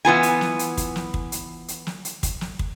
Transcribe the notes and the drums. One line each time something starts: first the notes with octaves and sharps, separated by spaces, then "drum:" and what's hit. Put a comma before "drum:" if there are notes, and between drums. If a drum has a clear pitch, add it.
E3 B3 F4 G#5
drum: hi-hat
drum: snare
drum: hi-hat
drum: kick, hi-hat
drum: snare
drum: kick
drum: hi-hat
drum: hi-hat
drum: snare
drum: hi-hat
drum: kick, hi-hat
drum: snare
drum: kick